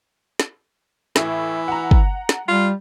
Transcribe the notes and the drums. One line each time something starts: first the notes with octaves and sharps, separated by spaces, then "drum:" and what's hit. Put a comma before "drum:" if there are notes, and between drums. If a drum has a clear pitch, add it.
drum: snare
A2 E3 E4, drum: snare
F#5 A#5
drum: kick
drum: snare
G3 F4